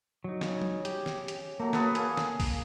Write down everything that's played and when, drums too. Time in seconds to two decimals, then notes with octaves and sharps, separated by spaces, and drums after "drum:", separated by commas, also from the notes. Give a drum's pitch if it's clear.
0.24 F#3 D#4
0.41 C#3, drum: snare
0.62 drum: tom F#3
0.85 G4, drum: hi-hat
1.06 drum: snare
1.28 drum: hi-hat
1.60 F#3 A3 A#3
1.73 G#4 A4 B4, drum: snare
1.95 A#3 G#4 G#5, drum: hi-hat
2.17 drum: snare
2.40 drum: kick A#1, open hi-hat